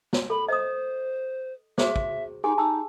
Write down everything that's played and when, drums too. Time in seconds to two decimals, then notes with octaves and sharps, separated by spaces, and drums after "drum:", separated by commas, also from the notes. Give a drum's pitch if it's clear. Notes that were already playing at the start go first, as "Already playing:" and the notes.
0.13 drum: snare
0.30 A4 B5
0.48 C5 D#5 D#6
1.78 F#4 G#4 C5 E5, drum: snare
1.96 drum: kick
2.44 D#4 G4 G#4 G#5
2.58 D#4 A5 E6